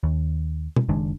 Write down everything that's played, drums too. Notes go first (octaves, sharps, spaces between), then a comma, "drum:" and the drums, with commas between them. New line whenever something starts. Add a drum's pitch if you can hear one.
D#2
drum: tom B2
F#1 D#3 G#3 D4